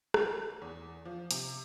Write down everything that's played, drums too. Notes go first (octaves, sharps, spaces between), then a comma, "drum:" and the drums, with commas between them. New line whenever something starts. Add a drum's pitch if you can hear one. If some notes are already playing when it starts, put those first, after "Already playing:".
drum: rim click
E2
F3
C3, drum: hi-hat